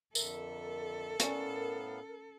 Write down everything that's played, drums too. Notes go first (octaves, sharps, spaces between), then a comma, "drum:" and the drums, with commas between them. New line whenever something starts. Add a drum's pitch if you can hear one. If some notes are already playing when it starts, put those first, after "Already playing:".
F2 D3 A4 A#4 E5, drum: tambourine
A2 B3 C#4 D5 F5 G#5, drum: hi-hat